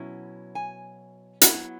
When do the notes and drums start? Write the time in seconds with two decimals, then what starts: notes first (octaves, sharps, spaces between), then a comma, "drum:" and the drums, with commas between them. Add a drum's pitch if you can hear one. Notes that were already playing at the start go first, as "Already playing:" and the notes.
Already playing: B2 F#3 C#4 E4
0.55 G#5
1.41 F#3 B3 E4 F#5, drum: hi-hat